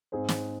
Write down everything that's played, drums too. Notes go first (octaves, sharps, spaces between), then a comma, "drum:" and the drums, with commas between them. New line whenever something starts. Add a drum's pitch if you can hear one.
G#2 G#3 C4 G#4 C5
drum: snare